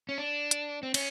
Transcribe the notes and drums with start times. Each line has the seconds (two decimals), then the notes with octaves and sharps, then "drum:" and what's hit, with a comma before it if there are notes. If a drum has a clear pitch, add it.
0.09 C#4
0.18 D4
0.51 drum: hi-hat
0.83 C4
0.94 C#4, drum: cymbal